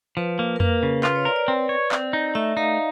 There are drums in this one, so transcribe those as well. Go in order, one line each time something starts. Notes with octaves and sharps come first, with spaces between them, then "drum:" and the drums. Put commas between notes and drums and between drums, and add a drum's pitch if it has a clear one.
F3 B4
A#3
A#4
A#3 B4, drum: tom F2
C#3
F4 B4, drum: clap
C#5
A#4 D5
D5
C4
C#5
C4, drum: clap
D#4
A3 E5
D#4 F5